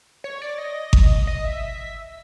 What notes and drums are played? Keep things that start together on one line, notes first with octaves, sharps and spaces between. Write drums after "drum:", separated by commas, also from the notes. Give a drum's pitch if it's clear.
C#5
D5
D#5
drum: kick G#1
D#5
E5